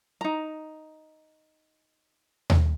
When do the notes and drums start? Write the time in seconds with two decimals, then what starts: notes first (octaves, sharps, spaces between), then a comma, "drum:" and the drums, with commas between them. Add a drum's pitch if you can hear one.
0.21 D#4 A#5
2.50 drum: tom D#2